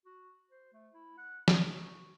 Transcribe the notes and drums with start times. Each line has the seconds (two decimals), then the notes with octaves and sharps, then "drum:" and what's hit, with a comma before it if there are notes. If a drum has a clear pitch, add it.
0.05 F#4
0.51 C5
0.73 A3
0.94 E4
1.18 F#5
1.48 D#6, drum: snare
1.71 F#4